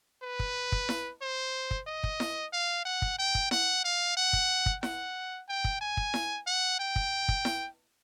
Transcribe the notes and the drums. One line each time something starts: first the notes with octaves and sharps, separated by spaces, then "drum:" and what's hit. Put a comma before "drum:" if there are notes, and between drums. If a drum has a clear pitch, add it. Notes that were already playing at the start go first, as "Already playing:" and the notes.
B4
drum: kick
drum: kick
drum: snare E4
C5
drum: kick
D#5
drum: kick
drum: snare E4
F5
F#5
drum: kick
G5
drum: kick
F#5, drum: snare E4
F5
F#5
drum: kick
drum: kick
F#5, drum: snare E4
G5
drum: kick
G#5
drum: kick
drum: snare E4
F#5
G5
drum: kick
drum: kick
drum: snare E4